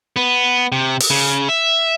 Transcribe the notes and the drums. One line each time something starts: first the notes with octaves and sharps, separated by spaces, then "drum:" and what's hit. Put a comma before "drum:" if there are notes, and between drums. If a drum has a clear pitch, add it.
B3
C3
drum: open hi-hat
C#3
E5